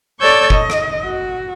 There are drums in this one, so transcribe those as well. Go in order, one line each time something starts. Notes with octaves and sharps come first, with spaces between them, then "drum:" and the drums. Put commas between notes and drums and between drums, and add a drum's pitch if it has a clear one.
A4 C#5 D5 C#6 E6 G6
D#5, drum: kick
drum: rim click
F#4